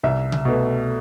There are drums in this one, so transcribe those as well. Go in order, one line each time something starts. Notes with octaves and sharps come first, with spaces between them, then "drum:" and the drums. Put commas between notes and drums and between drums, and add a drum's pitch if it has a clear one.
C2 E5
drum: tom C3
B2 A3